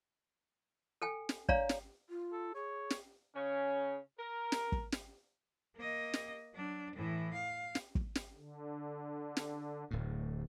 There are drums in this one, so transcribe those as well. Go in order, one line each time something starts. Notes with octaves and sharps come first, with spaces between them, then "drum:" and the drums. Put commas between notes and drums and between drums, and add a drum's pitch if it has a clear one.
A4 G5 G#5
drum: snare
D4 C#5 D5 F5 A#5, drum: kick
drum: snare
F4
A4
G#4 C#5
drum: snare
C#3 C#4
A#4
drum: snare
drum: kick
drum: snare
A#3 D#5
drum: snare
F#3 D4
A2 E3
F5
drum: snare
drum: kick
drum: snare
D3
drum: snare
D1 A2